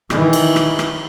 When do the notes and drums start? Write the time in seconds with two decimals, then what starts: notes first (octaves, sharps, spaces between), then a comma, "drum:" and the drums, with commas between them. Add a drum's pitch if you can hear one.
0.10 D#3 E3, drum: rim click
0.33 drum: cymbal
0.56 drum: rim click
0.79 drum: rim click